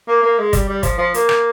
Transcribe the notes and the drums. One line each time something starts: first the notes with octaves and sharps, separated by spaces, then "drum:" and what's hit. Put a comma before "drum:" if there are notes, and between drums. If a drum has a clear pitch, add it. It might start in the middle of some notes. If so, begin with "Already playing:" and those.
A#3
A#3
G#3
G3, drum: kick, hi-hat
G3
F3, drum: kick, hi-hat
F3
A#3, drum: hi-hat
drum: rim click